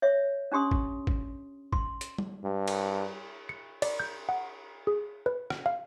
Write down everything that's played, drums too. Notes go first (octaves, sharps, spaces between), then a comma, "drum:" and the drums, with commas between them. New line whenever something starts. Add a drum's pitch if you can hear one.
C#5 E5
C#4 D4 G4 C6 D#6
drum: kick
drum: kick
C6, drum: kick
drum: hi-hat
drum: tom
G2
drum: cymbal
C#7
D5, drum: cymbal
G6
F#5
G#4
B4
drum: rim click
F5